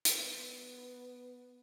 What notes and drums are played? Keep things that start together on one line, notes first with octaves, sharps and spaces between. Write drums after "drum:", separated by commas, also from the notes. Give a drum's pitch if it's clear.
drum: hi-hat
B3